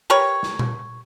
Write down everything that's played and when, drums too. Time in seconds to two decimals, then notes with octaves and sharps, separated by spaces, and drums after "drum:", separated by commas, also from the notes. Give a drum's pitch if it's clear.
0.10 G4 A#4 B4 C#5
0.43 drum: snare
0.59 drum: tom A#2